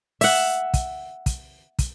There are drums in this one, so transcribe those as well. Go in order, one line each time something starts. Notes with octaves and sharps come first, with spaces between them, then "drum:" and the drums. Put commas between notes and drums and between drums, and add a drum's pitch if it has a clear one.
E5 F#5, drum: open hi-hat
drum: kick, hi-hat
drum: kick, hi-hat
drum: kick, hi-hat